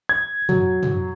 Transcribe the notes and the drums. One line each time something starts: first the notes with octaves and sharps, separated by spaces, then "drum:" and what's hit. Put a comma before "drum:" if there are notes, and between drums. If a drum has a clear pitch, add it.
G#6
F#3, drum: tom
drum: tom